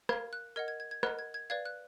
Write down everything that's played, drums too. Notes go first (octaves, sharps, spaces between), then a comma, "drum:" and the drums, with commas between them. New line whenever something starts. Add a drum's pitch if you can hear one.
A#4 F5 G#6, drum: rim click
F#6
A#4 D#5 F#5 G#6
G#6
G#6
G#6
A#4 D#5 F#5 F#6, drum: rim click
G#6
G#6
B4 D5 F5 G#6
F#6